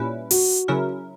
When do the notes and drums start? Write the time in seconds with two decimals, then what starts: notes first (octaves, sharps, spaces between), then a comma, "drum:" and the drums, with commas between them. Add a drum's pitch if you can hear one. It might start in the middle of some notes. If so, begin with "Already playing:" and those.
Already playing: A#2 G3 C#4 E4 B4
0.31 F#4, drum: open hi-hat
0.68 C#3 F#3 C#4 E4 A#4